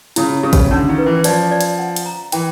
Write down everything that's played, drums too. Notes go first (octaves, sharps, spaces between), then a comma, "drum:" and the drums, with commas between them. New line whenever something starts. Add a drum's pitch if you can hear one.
C#3 E4, drum: hi-hat
C#3 G4
drum: kick G#1, hi-hat
D3 C#4
D#3
B4
E3
F3 D5, drum: hi-hat
D5
drum: hi-hat
F#5
drum: hi-hat
A#5
E3 G5, drum: hi-hat